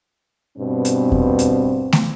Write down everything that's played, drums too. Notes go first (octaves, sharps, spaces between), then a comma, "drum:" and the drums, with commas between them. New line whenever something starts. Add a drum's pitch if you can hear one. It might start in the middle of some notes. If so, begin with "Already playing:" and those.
G2 B2 C4
drum: hi-hat
drum: kick E2
drum: hi-hat
drum: snare A3